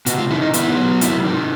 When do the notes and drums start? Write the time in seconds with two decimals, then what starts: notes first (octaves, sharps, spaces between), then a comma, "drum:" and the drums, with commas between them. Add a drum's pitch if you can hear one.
0.06 C3 F#4, drum: hi-hat
0.18 F4
0.31 D#3 E4
0.42 D#4
0.54 B3 E4, drum: hi-hat
0.77 F#3
1.01 C3 E4, drum: hi-hat
1.25 D#3